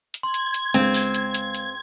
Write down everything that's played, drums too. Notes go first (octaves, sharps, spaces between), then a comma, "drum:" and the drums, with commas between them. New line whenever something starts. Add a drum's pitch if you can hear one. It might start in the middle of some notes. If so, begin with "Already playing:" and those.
drum: hi-hat
C6 G#6
drum: hi-hat
drum: hi-hat
C#2 C4, drum: hi-hat
drum: open hi-hat
drum: hi-hat
drum: hi-hat
drum: hi-hat